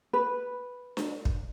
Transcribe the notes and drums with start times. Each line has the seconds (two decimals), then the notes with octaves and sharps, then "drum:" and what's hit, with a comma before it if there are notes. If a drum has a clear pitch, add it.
0.13 B4
0.97 drum: snare D4
1.25 drum: kick